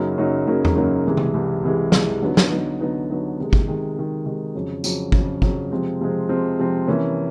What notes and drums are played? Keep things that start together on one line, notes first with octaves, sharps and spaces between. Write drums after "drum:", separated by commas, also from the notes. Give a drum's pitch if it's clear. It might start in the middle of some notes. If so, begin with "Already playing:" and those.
Already playing: F#2 C#3 F#3 A#3 D#4
F#2 C#3 F#3 A#3 D#4
F#2 C#3 F#3 A#3 D#4
drum: tom E2
F#2 C#3 F#3 A#3 D#4
C2 C3 E3 G#3
drum: tom C#3
C2 C3 E3 G#3
C2 C3 E3 G#3
C2 C3 E3 G#3, drum: snare
D3 F#3 B3 D#4
drum: snare
D3 F#3 B3 D#4
D3 F#3 B3 D#4
D3 F#3 B3 D#4
C3 D#3 G#3
drum: kick
C3 D#3 G#3
C3 D#3 G#3
C3 D#3 G#3
F2 C#3 F#3
F2 C#3 F#3, drum: tambourine
F2 C#3 F#3, drum: kick
F2 C#3 F#3, drum: kick
C3 F3 G#3 C4
C3 F3 G#3 C4
C3 F3 G#3 C4
C3 F3 G#3 C4
C3 E3 G3 A#3 C#4